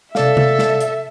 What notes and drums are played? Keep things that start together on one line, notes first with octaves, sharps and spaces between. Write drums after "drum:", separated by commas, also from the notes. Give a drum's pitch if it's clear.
C3 A4 D5 E5 F5, drum: snare
drum: tom C3
drum: snare
drum: hi-hat